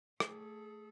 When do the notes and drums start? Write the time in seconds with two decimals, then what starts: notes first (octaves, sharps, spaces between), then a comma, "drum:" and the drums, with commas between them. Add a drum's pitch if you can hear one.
0.20 A3 G#4 A4, drum: rim click